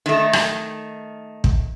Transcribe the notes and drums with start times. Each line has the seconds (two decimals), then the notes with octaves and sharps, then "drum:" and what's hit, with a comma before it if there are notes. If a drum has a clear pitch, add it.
0.06 D#3 A3
0.33 drum: rim click
1.44 drum: kick